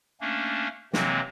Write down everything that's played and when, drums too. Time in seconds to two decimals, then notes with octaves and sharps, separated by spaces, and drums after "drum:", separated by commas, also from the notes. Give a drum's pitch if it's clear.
0.21 A3 A#3 C#4 D4
0.93 C3 E3 F#3 G#3 A#3 C4, drum: snare